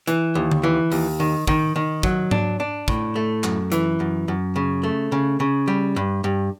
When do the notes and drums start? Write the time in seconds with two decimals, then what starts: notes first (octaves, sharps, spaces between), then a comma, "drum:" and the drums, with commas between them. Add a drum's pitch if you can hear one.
0.07 E3, drum: hi-hat
0.35 D#2
0.51 drum: tom D3
0.63 E3
0.92 D#2, drum: open hi-hat
1.20 D#3
1.47 D#3, drum: kick
1.76 D#3
2.03 F#3, drum: kick
2.31 D4, drum: tom G#2
2.60 D4
2.88 A2, drum: kick
3.16 A3
3.44 F#2, drum: clap
3.72 E3, drum: hi-hat
4.00 F#2
4.28 F#2
4.56 C#3
4.83 A3
5.12 C#3
5.40 C#3
5.68 G3
5.96 G2
6.24 G2